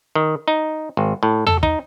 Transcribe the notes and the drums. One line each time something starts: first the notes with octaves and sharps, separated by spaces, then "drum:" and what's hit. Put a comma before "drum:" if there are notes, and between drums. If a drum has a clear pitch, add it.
D#3
D#4
G#1
A2
A4, drum: tom E2
D#4, drum: kick